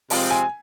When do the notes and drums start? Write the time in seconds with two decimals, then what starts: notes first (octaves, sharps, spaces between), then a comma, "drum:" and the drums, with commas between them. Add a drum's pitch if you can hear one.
0.10 C3 F3 G#3 C4, drum: open hi-hat
0.31 G#5